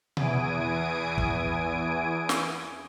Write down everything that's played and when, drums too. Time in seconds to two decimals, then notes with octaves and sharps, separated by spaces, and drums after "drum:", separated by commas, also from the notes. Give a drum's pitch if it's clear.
0.17 E2 E3 G#5 D#6 D7, drum: tom B2
1.18 drum: kick
2.29 drum: snare